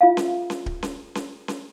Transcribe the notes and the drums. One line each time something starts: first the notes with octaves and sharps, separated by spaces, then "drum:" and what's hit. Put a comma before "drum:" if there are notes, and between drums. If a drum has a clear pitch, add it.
F4 E5 F5
drum: snare C#4
drum: snare C#4
drum: kick D1
drum: snare C#4
drum: snare C#4
drum: snare C#4